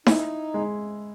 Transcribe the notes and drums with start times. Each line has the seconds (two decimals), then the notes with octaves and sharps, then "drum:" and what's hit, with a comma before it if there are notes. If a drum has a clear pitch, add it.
0.06 D#4 E4, drum: snare D#4
0.54 G#3